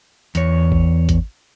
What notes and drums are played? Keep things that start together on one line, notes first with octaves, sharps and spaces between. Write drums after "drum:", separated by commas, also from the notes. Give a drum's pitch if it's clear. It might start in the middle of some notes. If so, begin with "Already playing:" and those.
E2 C#5, drum: hi-hat
drum: kick G#1
drum: kick G#1, hi-hat